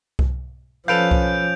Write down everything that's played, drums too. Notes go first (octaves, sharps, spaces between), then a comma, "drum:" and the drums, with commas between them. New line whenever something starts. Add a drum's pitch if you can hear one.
drum: kick C2
F3 C#4 A4 B4 F5 G6 D7 F7
drum: kick C2